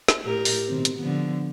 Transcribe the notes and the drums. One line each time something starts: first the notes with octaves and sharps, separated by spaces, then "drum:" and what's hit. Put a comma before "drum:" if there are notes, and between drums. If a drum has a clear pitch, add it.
drum: snare
A2 G4 A#4
drum: open hi-hat
B2 D#3 C4
drum: hi-hat
D3 F3 B3